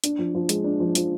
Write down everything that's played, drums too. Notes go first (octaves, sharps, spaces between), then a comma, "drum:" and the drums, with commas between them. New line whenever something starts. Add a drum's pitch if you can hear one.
D4, drum: hi-hat
F3
F3
G#3, drum: hi-hat
D4
F3
F3, drum: hi-hat